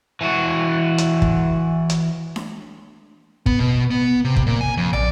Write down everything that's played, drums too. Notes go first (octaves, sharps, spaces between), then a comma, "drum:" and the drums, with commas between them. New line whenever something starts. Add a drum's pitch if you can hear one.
E3 F#4
drum: hi-hat
drum: kick
drum: hi-hat
drum: snare D4
B3, drum: kick
B2
B3
C3
drum: kick
A#2
G#5
F2
D5, drum: tom